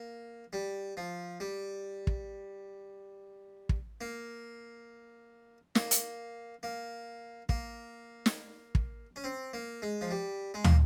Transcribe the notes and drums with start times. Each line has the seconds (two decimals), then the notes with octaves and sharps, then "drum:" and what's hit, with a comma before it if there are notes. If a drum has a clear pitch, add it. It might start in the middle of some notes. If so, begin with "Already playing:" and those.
Already playing: A#3
0.53 G3
0.97 F3
1.40 G3
2.07 drum: kick
3.69 drum: kick
4.01 A#3
5.75 A#3, drum: snare
5.91 drum: hi-hat
6.63 A#3
7.49 A#3, drum: kick
8.26 drum: snare
8.75 drum: kick
9.16 C#4
9.24 C4
9.53 A#3
9.82 G#3
10.01 F3
10.11 G3
10.54 G#3
10.64 A#3, drum: tom